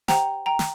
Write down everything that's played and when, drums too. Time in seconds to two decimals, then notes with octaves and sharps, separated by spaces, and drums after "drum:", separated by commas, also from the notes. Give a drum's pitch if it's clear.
0.08 G4 C5 F#5 G5 A#5, drum: snare
0.46 G5 A#5
0.59 drum: snare